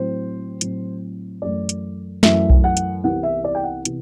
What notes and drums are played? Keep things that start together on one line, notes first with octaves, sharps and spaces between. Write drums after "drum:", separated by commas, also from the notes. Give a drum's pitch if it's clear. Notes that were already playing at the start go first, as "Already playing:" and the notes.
Already playing: A2 F#3 C4 C5
A2 F#3 C4, drum: hi-hat
F#2 E3 A3 D5
drum: hi-hat
F#2 E3 A3 E5, drum: snare
drum: kick B1
F#5
drum: hi-hat
C2 C3 E3 B3 F#5
E5
D5
G5
F#5
C3 E3 B3, drum: hi-hat